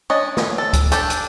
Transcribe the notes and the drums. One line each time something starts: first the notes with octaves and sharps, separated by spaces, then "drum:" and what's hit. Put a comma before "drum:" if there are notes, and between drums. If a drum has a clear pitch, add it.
C#4 D4 D#5
drum: snare
A4
drum: kick C#2, hi-hat
D4 G4 A4, drum: hi-hat
drum: hi-hat